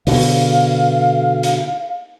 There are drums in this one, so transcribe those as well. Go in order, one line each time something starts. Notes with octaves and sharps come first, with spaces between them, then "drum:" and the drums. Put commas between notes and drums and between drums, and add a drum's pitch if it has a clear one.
B2 D3 F5, drum: open hi-hat
drum: hi-hat